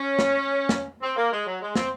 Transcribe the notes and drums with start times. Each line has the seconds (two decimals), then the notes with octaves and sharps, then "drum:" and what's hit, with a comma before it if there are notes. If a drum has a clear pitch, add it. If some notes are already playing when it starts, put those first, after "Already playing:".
Already playing: C#4
0.19 drum: snare
0.69 drum: snare
1.02 C4
1.16 A#3
1.32 G#3
1.46 F#3
1.62 G#3
1.76 C4, drum: snare